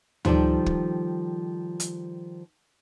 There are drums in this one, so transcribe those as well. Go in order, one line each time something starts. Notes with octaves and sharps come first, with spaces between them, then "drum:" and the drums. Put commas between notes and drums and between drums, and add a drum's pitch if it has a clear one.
D#3 F3 G3 A4 D5, drum: tom D2
drum: kick
drum: hi-hat